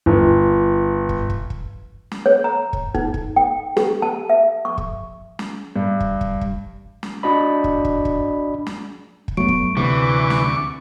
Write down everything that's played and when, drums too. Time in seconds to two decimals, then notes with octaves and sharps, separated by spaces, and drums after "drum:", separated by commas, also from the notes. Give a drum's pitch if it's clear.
0.06 G1
1.09 drum: kick
1.30 drum: kick
1.50 drum: kick
2.12 drum: snare
2.26 C#5
2.44 A#5
2.73 drum: kick
2.95 D#4, drum: kick
3.14 drum: kick
3.36 G5
3.77 G4, drum: snare
4.02 A5
4.29 E5
4.65 C#6
4.78 drum: kick
5.39 drum: snare
5.76 G2
6.00 drum: kick
6.21 drum: kick
6.41 drum: kick
7.03 drum: snare
7.23 D4 F#4 D5 D#5 B5
7.64 drum: kick
7.85 drum: kick
8.05 drum: kick
8.67 drum: snare
9.28 drum: kick
9.37 F#3 A3 B3 C#6 D7
9.48 drum: kick
9.77 D2 C3 E3 C4 C#6 D6
10.30 drum: snare